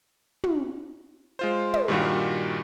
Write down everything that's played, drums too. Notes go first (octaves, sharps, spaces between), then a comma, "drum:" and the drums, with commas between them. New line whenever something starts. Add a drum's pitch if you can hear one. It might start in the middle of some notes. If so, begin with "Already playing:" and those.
drum: tom
G#3 F4 C5
drum: tom
G2 A#2 D#3 G3 F4 F#4